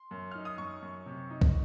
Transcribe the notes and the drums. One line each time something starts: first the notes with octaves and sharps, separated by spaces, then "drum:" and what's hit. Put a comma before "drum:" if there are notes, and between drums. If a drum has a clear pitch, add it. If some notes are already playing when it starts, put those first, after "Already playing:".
Already playing: C6
F#2
D#4 F6
D#6
F#2 C#6
F#2
C3
D#4
drum: kick B1